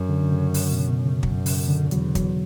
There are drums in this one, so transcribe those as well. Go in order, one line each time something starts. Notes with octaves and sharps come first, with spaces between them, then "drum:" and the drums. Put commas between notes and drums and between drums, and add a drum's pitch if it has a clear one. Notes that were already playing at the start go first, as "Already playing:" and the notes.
Already playing: F#2
D3
D3
C#3
drum: open hi-hat
B2
B2
C#3
F#2 B2, drum: kick
C#3, drum: open hi-hat
D3
E2 F#3, drum: hi-hat
F#3, drum: kick, hi-hat